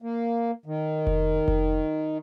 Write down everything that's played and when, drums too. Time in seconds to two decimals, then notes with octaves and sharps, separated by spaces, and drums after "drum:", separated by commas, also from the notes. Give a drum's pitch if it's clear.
0.02 A#3
0.66 D#3
1.07 drum: kick F1
1.48 drum: kick F1